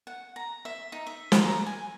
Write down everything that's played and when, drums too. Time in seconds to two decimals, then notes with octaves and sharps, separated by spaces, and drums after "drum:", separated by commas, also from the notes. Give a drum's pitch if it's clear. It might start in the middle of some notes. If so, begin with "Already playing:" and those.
0.07 F#5
0.36 A#5
0.65 E5
0.92 D#4
1.07 E5
1.32 drum: snare
1.44 A#5
1.66 G#5